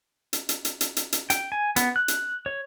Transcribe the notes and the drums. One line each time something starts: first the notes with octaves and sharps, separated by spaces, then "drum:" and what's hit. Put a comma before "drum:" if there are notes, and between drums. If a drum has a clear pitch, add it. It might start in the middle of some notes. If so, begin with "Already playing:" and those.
drum: hi-hat
drum: hi-hat
drum: hi-hat
drum: hi-hat
drum: hi-hat
drum: hi-hat
G5, drum: hi-hat
G#5
B3, drum: hi-hat
F#6
drum: hi-hat
C#5